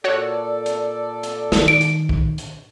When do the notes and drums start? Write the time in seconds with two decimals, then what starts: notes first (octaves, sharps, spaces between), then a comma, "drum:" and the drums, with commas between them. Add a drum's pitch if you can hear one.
0.04 A#2 F#4 A4 C#5 D5 F#5
0.66 drum: hi-hat
1.23 drum: hi-hat
1.52 D#3 D#6, drum: snare
1.68 D7
1.81 drum: hi-hat
2.09 drum: kick
2.38 drum: hi-hat